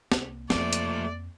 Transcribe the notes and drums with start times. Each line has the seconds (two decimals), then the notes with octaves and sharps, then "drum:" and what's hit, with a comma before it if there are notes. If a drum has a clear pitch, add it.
0.12 C2 A#3, drum: snare
0.50 F2 F3 A3 A#3 C4 D5, drum: snare
0.73 drum: hi-hat